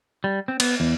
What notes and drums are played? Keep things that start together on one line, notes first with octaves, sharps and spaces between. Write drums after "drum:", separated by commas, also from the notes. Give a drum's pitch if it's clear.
G3
C4
B3, drum: cymbal
E2